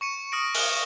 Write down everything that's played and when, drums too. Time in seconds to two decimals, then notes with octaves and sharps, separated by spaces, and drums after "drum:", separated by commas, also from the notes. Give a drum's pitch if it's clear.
0.01 C#6 C#7 D#7
0.32 D#6 F6 A#6 C#7 D7
0.55 D#6 F6 F#6, drum: open hi-hat